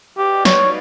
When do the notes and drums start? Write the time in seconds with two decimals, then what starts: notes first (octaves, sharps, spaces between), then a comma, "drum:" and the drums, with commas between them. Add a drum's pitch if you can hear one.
0.18 D#4 F#4 G4 B4 D5 F5
0.45 C#5, drum: snare